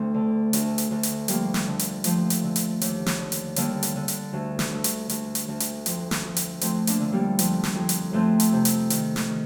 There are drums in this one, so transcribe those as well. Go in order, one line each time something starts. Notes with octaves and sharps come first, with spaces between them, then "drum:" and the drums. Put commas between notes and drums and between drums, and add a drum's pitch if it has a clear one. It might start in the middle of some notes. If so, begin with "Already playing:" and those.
Already playing: D2 A3 C4
D3
D2, drum: hi-hat
drum: hi-hat
D2
drum: hi-hat
F2 G3 A#3, drum: hi-hat
drum: snare
D3
drum: hi-hat
F2 F3 A3, drum: hi-hat
drum: hi-hat
D3
drum: hi-hat
D#2, drum: hi-hat
drum: snare
D3
drum: hi-hat
D3 G3 A#3, drum: hi-hat
drum: hi-hat
D3
drum: hi-hat
D2
drum: snare
D2
drum: hi-hat
D2, drum: hi-hat
drum: hi-hat
D2
drum: hi-hat
F2, drum: hi-hat
drum: snare
F2
drum: hi-hat
F2 A3 C4, drum: hi-hat
A#3 D4, drum: hi-hat
D3
G3 A#3
F2, drum: hi-hat
drum: snare
F2
drum: hi-hat
F2 A3 C4
drum: hi-hat
C3
drum: hi-hat
D#3, drum: hi-hat
drum: snare
D#3